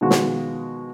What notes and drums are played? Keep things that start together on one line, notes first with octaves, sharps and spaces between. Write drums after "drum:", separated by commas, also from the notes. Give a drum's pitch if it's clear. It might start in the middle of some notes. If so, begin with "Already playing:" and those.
B2 D#3 F3 G#3 F4 F#4
drum: snare